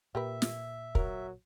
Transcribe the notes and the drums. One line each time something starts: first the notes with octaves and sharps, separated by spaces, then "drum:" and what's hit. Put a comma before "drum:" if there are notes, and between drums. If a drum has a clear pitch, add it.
A#2 G4 A#4 B4 E5
drum: snare
F#3 A#4, drum: kick